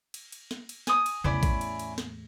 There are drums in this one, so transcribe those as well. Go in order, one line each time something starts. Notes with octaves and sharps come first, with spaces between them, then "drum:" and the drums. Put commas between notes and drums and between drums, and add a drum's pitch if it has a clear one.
drum: cymbal
drum: cymbal
drum: snare
drum: cymbal
G#5 D#6, drum: snare
drum: cymbal
E2 A2 C#4 E4 D5, drum: tom C3
drum: kick, cymbal
drum: cymbal
drum: cymbal
drum: snare